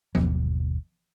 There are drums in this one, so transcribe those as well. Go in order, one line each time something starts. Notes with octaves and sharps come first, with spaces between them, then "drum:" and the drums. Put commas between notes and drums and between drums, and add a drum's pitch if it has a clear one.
G1 D#2 B2 F#3, drum: tom F3